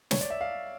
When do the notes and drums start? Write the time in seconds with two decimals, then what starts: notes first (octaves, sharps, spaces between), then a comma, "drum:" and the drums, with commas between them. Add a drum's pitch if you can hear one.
0.11 C#5, drum: snare
0.21 D5
0.30 E5
0.41 F5